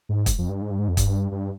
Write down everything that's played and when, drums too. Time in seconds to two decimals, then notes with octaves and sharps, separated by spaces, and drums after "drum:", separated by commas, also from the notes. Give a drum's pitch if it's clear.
0.09 G#2
0.26 drum: kick, hi-hat
0.38 F2
0.49 G2
0.62 G#2
0.71 G2
0.79 G#2
0.88 F2
0.97 G2, drum: kick, hi-hat
1.32 G2